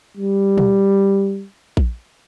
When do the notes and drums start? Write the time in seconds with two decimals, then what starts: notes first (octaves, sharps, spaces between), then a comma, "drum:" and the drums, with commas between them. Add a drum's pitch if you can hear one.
0.17 G3
0.58 drum: tom
1.77 drum: kick A#1